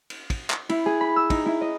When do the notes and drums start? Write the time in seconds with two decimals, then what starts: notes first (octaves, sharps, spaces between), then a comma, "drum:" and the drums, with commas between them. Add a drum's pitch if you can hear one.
0.10 drum: cymbal
0.30 drum: kick, cymbal
0.50 drum: clap
0.69 E4, drum: cymbal
0.86 G#4
1.01 B5
1.16 E6
1.30 D#4, drum: kick, cymbal
1.46 E4
1.61 D#5